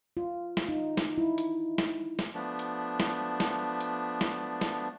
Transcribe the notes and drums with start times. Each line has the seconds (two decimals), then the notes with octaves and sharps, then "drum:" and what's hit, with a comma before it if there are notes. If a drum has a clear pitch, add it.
0.17 F4
0.57 drum: snare
0.69 D#4
0.97 drum: snare
1.18 E4
1.38 drum: hi-hat
1.78 drum: snare
2.19 drum: snare
2.34 F3 A3 B3 D4
2.59 drum: hi-hat
3.00 drum: snare
3.40 drum: snare
3.81 drum: hi-hat
4.21 drum: snare
4.61 drum: snare